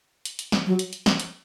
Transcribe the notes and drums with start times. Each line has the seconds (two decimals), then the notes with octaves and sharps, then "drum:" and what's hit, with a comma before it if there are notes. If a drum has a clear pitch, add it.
0.25 drum: hi-hat
0.39 drum: hi-hat
0.52 drum: snare
0.66 F#3
0.79 drum: hi-hat
0.93 drum: hi-hat
1.06 drum: snare
1.20 drum: hi-hat